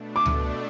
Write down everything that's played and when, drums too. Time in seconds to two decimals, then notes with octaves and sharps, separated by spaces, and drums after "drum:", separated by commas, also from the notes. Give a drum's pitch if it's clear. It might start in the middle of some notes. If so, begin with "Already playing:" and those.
Already playing: B2 A3 D4
0.16 D6
0.26 drum: tom C#2